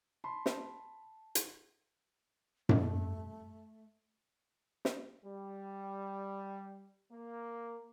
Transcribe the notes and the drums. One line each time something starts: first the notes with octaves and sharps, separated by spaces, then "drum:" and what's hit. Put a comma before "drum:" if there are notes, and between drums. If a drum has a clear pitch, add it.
A5 B5 C6
drum: snare
drum: hi-hat
A3, drum: tom F#2
drum: snare
G3
A#3